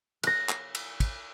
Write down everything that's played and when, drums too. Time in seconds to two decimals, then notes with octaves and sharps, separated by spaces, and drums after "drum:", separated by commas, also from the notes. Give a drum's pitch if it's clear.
0.23 F#6 A#6, drum: cymbal
0.49 drum: clap
0.75 drum: cymbal
1.00 drum: kick, cymbal